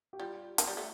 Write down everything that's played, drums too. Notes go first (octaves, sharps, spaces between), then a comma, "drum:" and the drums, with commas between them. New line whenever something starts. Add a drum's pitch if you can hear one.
G4
G3 F4
drum: hi-hat
G3
A3